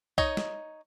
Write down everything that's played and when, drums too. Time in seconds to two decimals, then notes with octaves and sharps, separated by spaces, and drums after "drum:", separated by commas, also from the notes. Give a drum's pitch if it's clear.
0.18 D#4 C#5 D#5, drum: kick B1
0.37 drum: snare